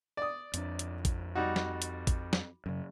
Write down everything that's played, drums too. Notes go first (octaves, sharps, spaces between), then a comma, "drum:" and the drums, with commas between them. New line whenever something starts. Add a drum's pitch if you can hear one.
D5 D#6
F2 D4, drum: hi-hat
drum: hi-hat
drum: kick A1, hi-hat
G3 D#4 F#4
drum: snare
drum: hi-hat
drum: kick A1, hi-hat
drum: snare
F#2 C#3